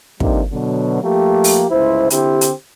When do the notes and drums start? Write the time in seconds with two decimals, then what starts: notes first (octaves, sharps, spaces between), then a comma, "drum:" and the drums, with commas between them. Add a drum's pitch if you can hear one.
0.20 F2 C3 G3 A#3 D4 D#4, drum: kick
0.51 B2 D3 F#3
1.02 F3 A3 A#3 G4
1.44 drum: open hi-hat
1.70 G1 C#2 E4 C5
2.10 D3 C4 E4 G4, drum: hi-hat
2.41 drum: hi-hat